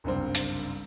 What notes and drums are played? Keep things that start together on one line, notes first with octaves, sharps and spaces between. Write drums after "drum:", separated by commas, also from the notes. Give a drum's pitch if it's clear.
F#1 C2 G2 C4
drum: hi-hat